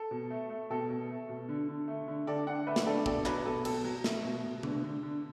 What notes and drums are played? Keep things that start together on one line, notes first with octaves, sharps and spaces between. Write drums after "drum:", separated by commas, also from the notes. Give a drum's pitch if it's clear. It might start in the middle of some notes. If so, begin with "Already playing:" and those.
Already playing: A4
B2
A3
A3
B2 A4
B2
A3
B2
D3
D3
A3
D3
D3 A4 D5
D3 D5 F#5
A3 B4 E5
drum: snare
D3 A4 D5
B2 A4 D5, drum: kick
F#3 B4, drum: clap
B2 A4
B2 A4, drum: cymbal
F#3
A3, drum: snare
B2
B2
D3, drum: tom C3
D3
D3